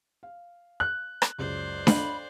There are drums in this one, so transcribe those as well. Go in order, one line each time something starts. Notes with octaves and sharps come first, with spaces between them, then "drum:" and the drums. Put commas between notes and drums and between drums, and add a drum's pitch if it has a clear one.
F5
F#6
drum: rim click
C#2 F#2 C#3 C5 D5
D#5 F5 B5, drum: snare D4